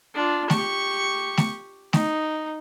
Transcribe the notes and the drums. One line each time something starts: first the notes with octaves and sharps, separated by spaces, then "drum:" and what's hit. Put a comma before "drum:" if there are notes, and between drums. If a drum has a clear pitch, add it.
D4 F4
G4 C#6, drum: snare A3
drum: snare A3
D#4, drum: snare A3